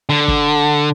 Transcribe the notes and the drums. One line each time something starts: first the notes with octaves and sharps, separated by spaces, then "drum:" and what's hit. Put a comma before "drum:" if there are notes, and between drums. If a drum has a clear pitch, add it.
D3
drum: kick